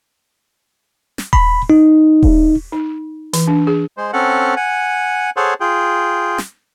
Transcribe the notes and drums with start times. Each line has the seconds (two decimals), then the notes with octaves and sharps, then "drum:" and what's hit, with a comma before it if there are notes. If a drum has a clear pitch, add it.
1.18 drum: snare
1.33 B5, drum: kick D#1
1.70 D#4
2.23 drum: kick D#1
2.72 D#4
3.33 E3, drum: hi-hat
3.48 D4
3.67 G#4
3.97 G#3 C5
4.13 C4 C#4 A4 F#5
4.56 F#5 G#5
5.37 G#4 A4 C5 C#5 F#5
5.60 F4 G#4 G5
6.38 drum: snare